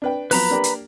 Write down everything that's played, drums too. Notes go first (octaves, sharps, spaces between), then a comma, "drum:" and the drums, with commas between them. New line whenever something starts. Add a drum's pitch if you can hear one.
D4 B4 G5
F3 F#3 B3 B4 A#5 B5, drum: open hi-hat
A#3 D4 G4
drum: hi-hat